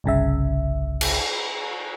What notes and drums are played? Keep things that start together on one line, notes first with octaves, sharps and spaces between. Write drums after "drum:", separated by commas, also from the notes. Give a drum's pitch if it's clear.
G1 C2 C#3 E5
drum: cymbal